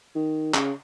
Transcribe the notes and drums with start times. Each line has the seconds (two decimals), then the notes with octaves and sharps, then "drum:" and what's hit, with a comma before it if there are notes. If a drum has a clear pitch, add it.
0.15 D#3
0.54 C#3, drum: clap